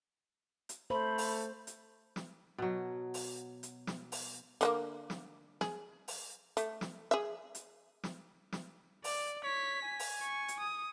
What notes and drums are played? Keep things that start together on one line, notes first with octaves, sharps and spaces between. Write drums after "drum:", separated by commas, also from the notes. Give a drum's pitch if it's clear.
drum: hi-hat
A3 C5 B5
drum: open hi-hat
drum: hi-hat
drum: snare
B2 F#3
drum: open hi-hat
drum: hi-hat
drum: snare
drum: open hi-hat
D3 G#3 A#3, drum: hi-hat
drum: snare
G#4, drum: snare
drum: open hi-hat
A3, drum: hi-hat
drum: snare
G#4 E5
drum: hi-hat
drum: snare
drum: snare
D5, drum: open hi-hat
C#5 B6
G#5
drum: open hi-hat
C#6
drum: hi-hat
D#6